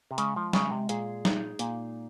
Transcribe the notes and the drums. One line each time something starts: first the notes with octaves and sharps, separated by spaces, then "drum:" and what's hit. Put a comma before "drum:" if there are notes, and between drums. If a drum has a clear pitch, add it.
C3
C#3 G#3, drum: hi-hat
F3
C#3 G#3, drum: snare
C3
A#2 G#4, drum: hi-hat
D#4, drum: snare
A#2 A#3, drum: hi-hat